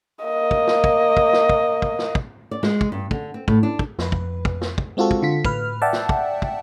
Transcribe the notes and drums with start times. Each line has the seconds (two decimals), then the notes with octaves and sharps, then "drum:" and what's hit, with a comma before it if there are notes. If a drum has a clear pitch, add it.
0.24 A#3 D#5
0.51 drum: kick
0.67 drum: snare
0.84 drum: kick
1.17 drum: kick
1.33 drum: snare
1.49 drum: kick
1.82 drum: kick
1.99 drum: snare
2.15 drum: kick
2.51 D5
2.63 G#3, drum: snare
2.81 drum: kick
2.92 G2
3.11 D3, drum: kick
3.34 C4
3.48 A2, drum: kick
3.63 D4
3.79 drum: kick
3.99 F2 B4, drum: snare
4.12 drum: kick
4.45 drum: kick
4.61 drum: snare
4.78 drum: kick
4.97 G#3 C4 F4 F#4 A4
5.11 drum: kick
5.22 D3 F4 B6
5.45 A2 B4 F6, drum: kick
5.82 D5 E5 F#5 G5 A5
5.93 drum: snare
6.09 drum: kick
6.42 drum: kick